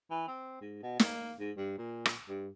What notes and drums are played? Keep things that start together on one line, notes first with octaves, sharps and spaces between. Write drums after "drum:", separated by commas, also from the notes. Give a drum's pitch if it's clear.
E3
C4
G#2
B2
A#3, drum: snare
G#2
G2
A#2
drum: rim click
G2